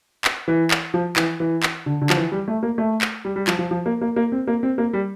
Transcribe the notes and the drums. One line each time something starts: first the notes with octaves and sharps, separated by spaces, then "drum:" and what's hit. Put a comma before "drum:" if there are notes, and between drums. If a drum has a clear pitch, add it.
drum: clap
E3
drum: clap
F3
E3, drum: clap
E3
drum: clap
D3
D3
F3, drum: clap
E3
G3
A3
A#3
A3
drum: clap
G3
G3
F3, drum: clap
F3
F3
A#3
A#3
A#3
C4
A#3
C4
A#3
G3